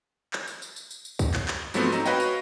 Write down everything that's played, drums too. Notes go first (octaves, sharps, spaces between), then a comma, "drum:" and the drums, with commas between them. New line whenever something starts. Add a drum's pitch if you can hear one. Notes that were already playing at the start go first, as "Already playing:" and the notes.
drum: clap
drum: tambourine
drum: tambourine
drum: tambourine
drum: tambourine
drum: tambourine
drum: kick, tambourine
drum: clap
drum: clap
G#2 F3 F#3 A3 B3 C4, drum: tambourine
C4 D#4 A#5, drum: tambourine
F#4 B4 C#5 D#5 F5 G5, drum: tambourine
drum: tambourine